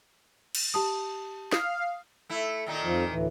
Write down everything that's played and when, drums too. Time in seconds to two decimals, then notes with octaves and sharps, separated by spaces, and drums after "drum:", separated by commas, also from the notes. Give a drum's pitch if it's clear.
0.55 drum: cymbal
0.74 G4 A5 D#6
1.52 F5 D#6, drum: snare
2.30 A3 E4
2.67 A#2 D#3 D#4
2.84 F2 F3
3.09 D2 A2 E3